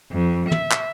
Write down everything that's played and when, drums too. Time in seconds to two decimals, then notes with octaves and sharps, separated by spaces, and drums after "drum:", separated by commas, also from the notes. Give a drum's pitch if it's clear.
0.14 F2
0.51 E5, drum: tom
0.71 drum: clap